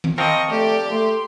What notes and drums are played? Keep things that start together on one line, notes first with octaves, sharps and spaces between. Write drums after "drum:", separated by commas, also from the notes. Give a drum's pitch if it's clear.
drum: tom D#3
F3 C4 A#4 D#5 C#6
A3 G4 D5
A3 C6